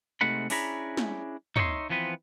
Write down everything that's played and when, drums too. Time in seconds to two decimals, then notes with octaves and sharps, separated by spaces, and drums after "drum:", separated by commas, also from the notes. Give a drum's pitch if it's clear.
0.21 C3 G#3 A3 D#4 F#5 B5
0.50 C#4 D4 E4 G#4 A#5 B5, drum: open hi-hat
0.97 drum: snare
1.56 D#4 C#5 D#5 E5 G5 C6, drum: tom
1.90 E3 F3 B3 C4 B4